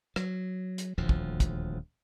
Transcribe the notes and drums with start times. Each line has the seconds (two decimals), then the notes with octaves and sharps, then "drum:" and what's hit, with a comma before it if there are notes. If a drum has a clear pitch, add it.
0.16 F#3, drum: rim click
0.78 drum: hi-hat
0.98 D#1 D2 F3
1.09 drum: kick
1.40 drum: kick, hi-hat